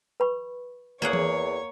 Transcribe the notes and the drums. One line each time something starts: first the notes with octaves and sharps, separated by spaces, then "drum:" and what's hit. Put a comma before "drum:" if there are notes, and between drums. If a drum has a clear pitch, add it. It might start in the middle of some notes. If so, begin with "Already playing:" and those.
B4 B5 C#6
E2 A#3 G#4 C#5 F#5
drum: tom E3